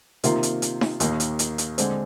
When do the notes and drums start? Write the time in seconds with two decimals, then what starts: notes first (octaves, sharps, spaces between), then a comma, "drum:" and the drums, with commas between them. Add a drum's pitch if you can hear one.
0.24 C3 D#3 A#3 F4, drum: hi-hat
0.43 drum: hi-hat
0.62 drum: hi-hat
0.81 drum: snare D#4
1.00 D#2 D#3 A#3, drum: hi-hat
1.20 drum: hi-hat
1.39 drum: hi-hat
1.58 drum: hi-hat
1.78 D3 G#3 C4, drum: hi-hat